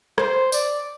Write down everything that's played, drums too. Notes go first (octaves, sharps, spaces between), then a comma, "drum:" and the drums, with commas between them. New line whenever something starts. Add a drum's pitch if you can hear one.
C5, drum: rim click
D5, drum: tambourine